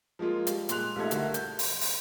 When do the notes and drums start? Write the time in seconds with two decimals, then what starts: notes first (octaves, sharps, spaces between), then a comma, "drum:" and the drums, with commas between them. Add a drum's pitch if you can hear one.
0.19 F3 G#3 A#3 F4
0.47 G3, drum: hi-hat
0.69 A#2 G#3 C6 F#6 F7, drum: hi-hat
0.96 A#1 G3 A3 D#4 A4 G#6
1.11 D3 G3 A3 E4 F#4 A#4, drum: hi-hat
1.34 G6, drum: hi-hat
1.59 drum: open hi-hat
1.81 drum: open hi-hat